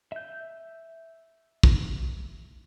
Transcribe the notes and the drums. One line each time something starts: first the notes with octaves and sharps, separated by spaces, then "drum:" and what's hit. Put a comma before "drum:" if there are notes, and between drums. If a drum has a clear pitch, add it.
E5 G6
drum: kick